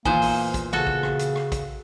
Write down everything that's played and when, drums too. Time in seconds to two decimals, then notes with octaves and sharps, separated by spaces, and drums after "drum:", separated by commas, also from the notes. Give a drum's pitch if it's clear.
0.05 E2 A#2 A#3 C5 G#5, drum: kick
0.22 drum: open hi-hat
0.54 drum: kick, hi-hat
0.73 C#3 F#4 A4
0.87 drum: kick
1.03 drum: rim click
1.19 drum: hi-hat
1.36 drum: rim click
1.52 drum: kick, hi-hat